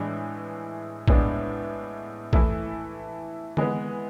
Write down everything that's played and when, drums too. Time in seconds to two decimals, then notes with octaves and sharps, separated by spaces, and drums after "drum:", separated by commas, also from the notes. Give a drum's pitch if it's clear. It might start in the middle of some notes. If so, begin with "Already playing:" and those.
Already playing: A2 E3 G#3 D4
1.08 A2 G#3 B3 D4, drum: kick
2.33 E3 A3 E4 A4, drum: kick
3.57 E3 G#3 B3, drum: tom